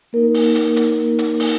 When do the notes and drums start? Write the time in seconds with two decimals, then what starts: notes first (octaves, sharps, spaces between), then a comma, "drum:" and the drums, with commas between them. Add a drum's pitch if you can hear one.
0.13 A#3 D#4 A#4
0.34 drum: open hi-hat
0.55 drum: hi-hat
0.76 drum: hi-hat
0.98 A#3 D#4
1.19 drum: hi-hat
1.40 drum: open hi-hat